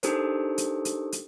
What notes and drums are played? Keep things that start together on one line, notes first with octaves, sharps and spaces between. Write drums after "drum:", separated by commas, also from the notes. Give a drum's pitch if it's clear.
D4 D#4 G4 A4 A#4 C5, drum: hi-hat
drum: hi-hat
drum: hi-hat
drum: hi-hat